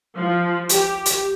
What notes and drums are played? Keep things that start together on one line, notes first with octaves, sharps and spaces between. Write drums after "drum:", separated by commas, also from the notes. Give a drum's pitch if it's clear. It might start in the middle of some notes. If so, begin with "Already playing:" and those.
F3
G4, drum: hi-hat
drum: hi-hat